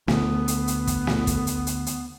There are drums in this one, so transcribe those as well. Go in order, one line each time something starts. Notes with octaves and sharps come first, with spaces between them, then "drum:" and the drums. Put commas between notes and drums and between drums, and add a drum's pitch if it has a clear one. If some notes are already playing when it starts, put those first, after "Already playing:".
D2 B3, drum: snare
drum: hi-hat
drum: hi-hat
drum: kick, hi-hat
drum: snare
drum: kick, hi-hat
drum: hi-hat
drum: hi-hat
drum: hi-hat